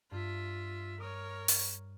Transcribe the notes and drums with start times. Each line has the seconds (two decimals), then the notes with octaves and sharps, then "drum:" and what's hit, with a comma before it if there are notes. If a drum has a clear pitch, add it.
0.11 G2 F4 E5
1.00 A#4 C#5 D6 D#6 F6
1.48 drum: open hi-hat